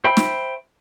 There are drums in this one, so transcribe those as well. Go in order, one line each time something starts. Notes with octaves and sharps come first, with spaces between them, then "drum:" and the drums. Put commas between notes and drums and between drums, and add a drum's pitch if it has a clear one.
C5 E5 G5 B5
drum: snare